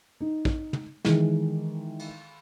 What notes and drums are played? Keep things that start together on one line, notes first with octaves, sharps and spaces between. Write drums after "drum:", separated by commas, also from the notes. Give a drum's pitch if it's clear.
D#4
drum: kick
drum: tom
D#3 E3 G#3, drum: snare
drum: cymbal